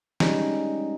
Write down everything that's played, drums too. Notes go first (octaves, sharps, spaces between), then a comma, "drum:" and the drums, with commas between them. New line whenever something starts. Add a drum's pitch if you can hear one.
G3 G#3 C#4 D#4, drum: snare